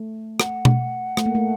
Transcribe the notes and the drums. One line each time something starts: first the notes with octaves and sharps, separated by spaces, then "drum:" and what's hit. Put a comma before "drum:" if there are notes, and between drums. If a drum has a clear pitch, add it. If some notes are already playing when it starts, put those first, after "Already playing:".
Already playing: A3
F#5, drum: rim click
drum: tom B2
A3, drum: rim click
A#3
A3